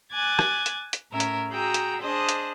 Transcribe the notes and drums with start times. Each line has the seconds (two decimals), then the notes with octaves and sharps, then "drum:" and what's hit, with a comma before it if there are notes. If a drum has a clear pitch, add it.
0.11 G#5 D6 F#6 G#6 A6
0.39 drum: rim click
0.66 drum: hi-hat
0.93 drum: hi-hat
1.11 A2 C#4 A#4 E5
1.20 drum: hi-hat
1.52 F#4 G#4 G5 A#5 E6
1.74 drum: hi-hat
2.01 D4 G#4 C5 D#5
2.29 drum: hi-hat